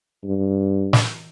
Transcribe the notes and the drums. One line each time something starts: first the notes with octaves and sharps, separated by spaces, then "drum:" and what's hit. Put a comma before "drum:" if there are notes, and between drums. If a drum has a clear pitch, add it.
G2
drum: snare